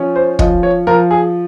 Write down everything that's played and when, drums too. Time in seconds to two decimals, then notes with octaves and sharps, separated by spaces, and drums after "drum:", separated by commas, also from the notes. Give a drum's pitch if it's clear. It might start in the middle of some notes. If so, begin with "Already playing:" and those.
Already playing: F3 C#4
0.16 C5
0.39 F3 D#5, drum: kick
0.63 C#5
0.87 F3 A#4
1.11 G#4